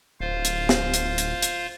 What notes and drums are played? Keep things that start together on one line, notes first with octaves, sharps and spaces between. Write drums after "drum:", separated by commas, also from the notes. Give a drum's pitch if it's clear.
D1 F4 C5 F5
drum: hi-hat
drum: snare
drum: hi-hat
drum: hi-hat
drum: hi-hat